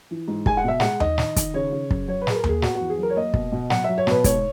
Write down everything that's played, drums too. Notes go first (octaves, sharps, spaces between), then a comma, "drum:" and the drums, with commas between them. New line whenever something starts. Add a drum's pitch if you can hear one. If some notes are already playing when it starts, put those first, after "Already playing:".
E3
G#2
G#3 G#5, drum: kick
F#5
B2 E5
G#3 F#5, drum: snare
D#3 D#5, drum: tom D#2
D#3, drum: snare
D#3, drum: kick, hi-hat
C#3 C#5
C#3
F#2, drum: kick
F#3 C#5
B4
F#3 G#4, drum: snare
A#4
A#3, drum: tom D#2
G#4
B3 F#4, drum: snare
E2 F#4
G#4
F#3 A#4
C#5
A#3 D#5
B2, drum: kick
B2
F#3 F#5, drum: snare
F#3 E5
C#5
B2 B4, drum: snare
G#2 C#5, drum: kick, hi-hat